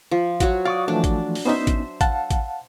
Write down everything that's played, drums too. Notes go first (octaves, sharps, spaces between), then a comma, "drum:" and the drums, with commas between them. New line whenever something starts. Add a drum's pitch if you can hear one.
F3
F#3 F#4, drum: kick A1, hi-hat
D5 F5 C#6 D#6
E3 F3 A3 D4
drum: kick A1, hi-hat
drum: open hi-hat
B3 C#4 D#4 C5 E5
drum: kick A1, hi-hat
F5 F#5 A5, drum: kick A1, hi-hat
drum: kick A1, hi-hat